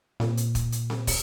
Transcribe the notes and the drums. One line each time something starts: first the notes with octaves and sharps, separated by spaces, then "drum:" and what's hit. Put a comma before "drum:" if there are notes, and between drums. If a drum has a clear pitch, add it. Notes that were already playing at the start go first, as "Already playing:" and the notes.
A#2, drum: snare C4
drum: hi-hat
drum: kick, hi-hat
drum: hi-hat
drum: snare C4
drum: kick, open hi-hat